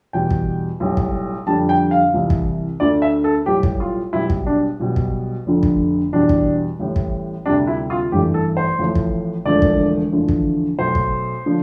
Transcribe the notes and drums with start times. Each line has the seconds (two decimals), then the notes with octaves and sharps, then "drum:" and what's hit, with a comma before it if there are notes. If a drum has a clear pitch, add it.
0.13 E2 B2 G3 G5
0.31 drum: kick
0.80 B1 A2 G3
0.97 drum: kick
1.47 F2 D3 G3 A5
1.69 G5
1.91 F5
2.14 C2 C3 E3
2.30 drum: kick
2.80 D2 D3 A3 D5
3.02 E5
3.24 A4
3.46 B1 A2 G3 G4
3.63 drum: kick
3.80 F4
4.13 B1 B2 G3 E4
4.30 drum: kick
4.47 D4
4.80 B1 B2 G3
4.96 drum: kick
5.46 F1 F2 D3
5.63 drum: kick
6.13 E2 B2 G3 D4
6.29 drum: kick
6.79 A1 A2 G3
6.96 drum: kick
7.46 D2 C3 G3 D4
7.67 E4
7.90 F4
8.12 A1 G2 E3 A3 G4
8.34 A4
8.57 C5
8.79 A1 A2 F3 A3
8.95 drum: kick
9.45 E1 E2 D3 F3 A3 D5
9.62 drum: kick
10.12 E2 D3 F3 A3
10.28 drum: kick
10.78 B1 B2 A3 C5
10.95 drum: kick
11.46 D3 F3